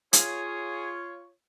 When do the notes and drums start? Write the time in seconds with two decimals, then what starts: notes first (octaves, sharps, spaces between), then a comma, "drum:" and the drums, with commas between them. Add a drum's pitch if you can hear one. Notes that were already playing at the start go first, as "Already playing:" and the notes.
0.13 F4 G#4 C#5, drum: hi-hat